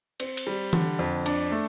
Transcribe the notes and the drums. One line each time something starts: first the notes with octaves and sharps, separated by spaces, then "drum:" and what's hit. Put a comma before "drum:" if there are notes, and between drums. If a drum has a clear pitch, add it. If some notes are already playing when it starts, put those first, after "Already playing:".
C4, drum: cymbal
drum: cymbal
G3
D3, drum: tom E3
F2
D4, drum: cymbal
A3